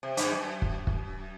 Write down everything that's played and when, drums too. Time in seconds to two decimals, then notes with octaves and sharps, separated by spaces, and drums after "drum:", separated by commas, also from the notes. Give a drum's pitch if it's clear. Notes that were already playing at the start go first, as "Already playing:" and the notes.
0.03 C3
0.17 G2, drum: hi-hat
0.32 F#2
0.62 drum: kick
0.87 drum: kick